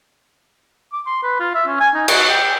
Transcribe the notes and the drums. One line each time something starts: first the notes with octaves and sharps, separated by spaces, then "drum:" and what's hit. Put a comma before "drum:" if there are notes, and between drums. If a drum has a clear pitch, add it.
D6
C6
B4
F4
E5
C#4
G#5
D#4
F#4, drum: cymbal
G5